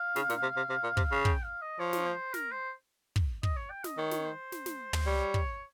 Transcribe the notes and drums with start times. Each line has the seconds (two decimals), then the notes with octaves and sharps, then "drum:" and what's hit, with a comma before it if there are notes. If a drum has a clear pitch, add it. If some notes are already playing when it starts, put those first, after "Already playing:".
Already playing: F5
0.16 C#3, drum: snare
0.30 A#2, drum: snare
0.42 C3
0.57 C3
0.70 C3
0.83 A#2
0.97 C3, drum: kick
1.12 C#3
1.25 G5, drum: kick
1.43 F5
1.62 D#5
1.79 F3 C#5
1.93 drum: snare
2.07 C5
2.34 A#4, drum: snare
2.52 C5
3.16 drum: kick
3.43 D#5, drum: kick
3.56 C#5
3.70 G5
3.84 D#5, drum: snare
3.98 D#3 C#5
4.11 drum: snare
4.25 C5
4.52 drum: snare
4.66 drum: snare
4.93 drum: tom
5.06 G3 C#5
5.34 drum: kick